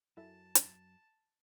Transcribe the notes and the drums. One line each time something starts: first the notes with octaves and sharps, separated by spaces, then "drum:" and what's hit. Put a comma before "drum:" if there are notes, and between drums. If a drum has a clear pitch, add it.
F#2 E4 A4 E5 A5
drum: hi-hat